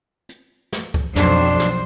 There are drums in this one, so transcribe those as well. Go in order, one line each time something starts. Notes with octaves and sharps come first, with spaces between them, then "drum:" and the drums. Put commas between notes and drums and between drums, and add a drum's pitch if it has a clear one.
drum: hi-hat
drum: snare
drum: kick C#2
B1 F2 F3 F#3 D4 C5, drum: snare
drum: snare